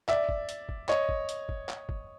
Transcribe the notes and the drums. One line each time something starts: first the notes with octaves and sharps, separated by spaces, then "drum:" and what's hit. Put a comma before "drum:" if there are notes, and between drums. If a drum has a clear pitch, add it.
D5 E5, drum: clap
drum: kick
drum: hi-hat
drum: kick
C#5 D#5, drum: clap
drum: kick
drum: hi-hat
drum: kick
drum: clap
drum: kick